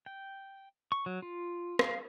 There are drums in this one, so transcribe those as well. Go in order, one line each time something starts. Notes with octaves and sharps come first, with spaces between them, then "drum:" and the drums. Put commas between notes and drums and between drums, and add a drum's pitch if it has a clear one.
G5
C#6
F#3
F4
F5, drum: rim click